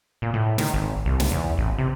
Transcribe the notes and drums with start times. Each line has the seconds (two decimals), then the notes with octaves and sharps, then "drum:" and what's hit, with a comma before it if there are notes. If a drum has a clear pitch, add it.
0.22 A#2
0.34 A2
0.58 D#3, drum: snare
0.74 G#1
1.06 C2
1.20 drum: snare
1.31 E2
1.58 A1
1.78 C3